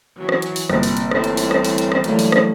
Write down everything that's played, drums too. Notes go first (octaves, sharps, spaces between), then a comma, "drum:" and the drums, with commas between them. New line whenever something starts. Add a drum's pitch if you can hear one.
E3 F#3
drum: rim click
drum: hi-hat
drum: open hi-hat
G1 C3 A#3, drum: rim click
drum: open hi-hat
drum: hi-hat
A2 E3 C4, drum: rim click
drum: hi-hat
drum: open hi-hat
drum: rim click
drum: open hi-hat
drum: hi-hat
drum: rim click
A2 E3 F#3 G3 A3 A#3 D4, drum: hi-hat
drum: open hi-hat
drum: rim click